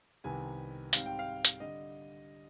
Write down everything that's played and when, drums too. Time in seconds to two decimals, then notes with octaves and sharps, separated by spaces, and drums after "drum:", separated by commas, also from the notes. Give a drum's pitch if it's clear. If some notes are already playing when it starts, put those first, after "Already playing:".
0.24 C2 C3 D#3 B3 G#5
0.93 G#2 G3 C4 F5, drum: hi-hat
1.06 G5
1.19 F5
1.45 drum: hi-hat
1.60 D3 G3 D#5